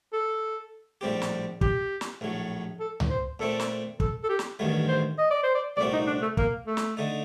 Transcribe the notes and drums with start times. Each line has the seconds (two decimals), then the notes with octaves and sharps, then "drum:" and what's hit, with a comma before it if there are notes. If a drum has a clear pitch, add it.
0.13 A4
1.01 A#1 A2 G3 C4 G4
1.22 drum: snare
1.61 G4, drum: kick
2.01 drum: snare
2.21 A#1 A2 F#3
2.80 A4
3.00 drum: tom C#2
3.10 C5
3.39 A#2 A3 C4 A4
3.60 drum: snare
4.00 A4, drum: kick
4.23 A4
4.29 G4
4.39 drum: snare
4.59 A1 G2 D#3 F#3 A3
4.88 C5
5.18 D#5
5.30 D5
5.43 C5
5.55 D5
5.77 C2 A#2 A3 C4 F#4 D5
5.93 D#4
6.07 D4
6.22 A3
6.37 A#3, drum: kick
6.67 A3
6.77 drum: snare
6.97 D3 A3 D#4